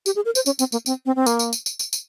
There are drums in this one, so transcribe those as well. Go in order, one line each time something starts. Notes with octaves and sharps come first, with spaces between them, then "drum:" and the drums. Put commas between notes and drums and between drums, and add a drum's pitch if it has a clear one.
G4, drum: tambourine
G#4
A#4
C5, drum: tambourine
C#4, drum: tambourine
C4, drum: tambourine
A#3, drum: tambourine
C4, drum: tambourine
C4
C4
A#3, drum: tambourine
drum: tambourine
drum: tambourine
drum: tambourine
drum: tambourine
drum: tambourine